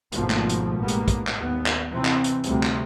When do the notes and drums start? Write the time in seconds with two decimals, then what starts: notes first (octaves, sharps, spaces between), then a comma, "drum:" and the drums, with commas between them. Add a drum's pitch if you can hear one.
0.12 G#1 G#2 B2 F3 A3 A#3, drum: hi-hat
0.30 drum: clap
0.49 drum: hi-hat
0.77 A1 G#2 G3 A#3 B3
0.88 drum: hi-hat
1.08 drum: kick, hi-hat
1.27 drum: clap
1.38 D#2 B3
1.66 drum: clap
1.91 C3 E3 C4
2.05 drum: clap
2.24 drum: hi-hat
2.44 D2 C3 G3, drum: hi-hat
2.63 drum: clap